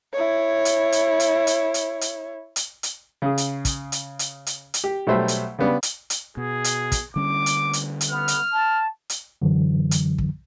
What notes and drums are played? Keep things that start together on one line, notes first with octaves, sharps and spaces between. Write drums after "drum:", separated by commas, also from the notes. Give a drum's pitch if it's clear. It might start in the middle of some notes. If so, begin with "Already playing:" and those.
E4 C#5
drum: hi-hat
drum: hi-hat
drum: hi-hat
drum: hi-hat
drum: hi-hat
drum: hi-hat
drum: hi-hat
drum: hi-hat
C#3 G#4
drum: hi-hat
drum: kick, hi-hat
drum: hi-hat
drum: hi-hat
drum: hi-hat
drum: hi-hat
G4
B1 F#3 G3 A3 C5 E5
drum: hi-hat
C#3 G3 B3 D4
drum: hi-hat
drum: hi-hat
B2 G#4
drum: hi-hat
drum: kick, hi-hat
D3 G3 C#4 D6
drum: hi-hat
drum: hi-hat
drum: hi-hat
B3 F6
drum: hi-hat
A5
drum: hi-hat
F#2 D3 E3 F#3
drum: hi-hat
drum: kick